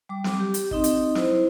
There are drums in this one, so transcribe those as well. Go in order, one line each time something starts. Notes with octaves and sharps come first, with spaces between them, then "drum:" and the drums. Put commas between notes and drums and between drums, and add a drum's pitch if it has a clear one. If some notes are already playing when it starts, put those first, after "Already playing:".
G3 D6
drum: snare
G4
drum: hi-hat
C4 D#4 D#5, drum: kick
drum: hi-hat
E4 C5, drum: snare